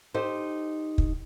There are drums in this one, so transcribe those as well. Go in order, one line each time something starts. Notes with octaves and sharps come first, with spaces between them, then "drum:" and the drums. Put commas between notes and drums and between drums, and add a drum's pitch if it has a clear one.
D#4 G4 A4 C5
drum: kick